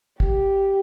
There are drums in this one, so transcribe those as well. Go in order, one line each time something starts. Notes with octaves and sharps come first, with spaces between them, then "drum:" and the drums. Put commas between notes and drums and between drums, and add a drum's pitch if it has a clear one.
G4, drum: kick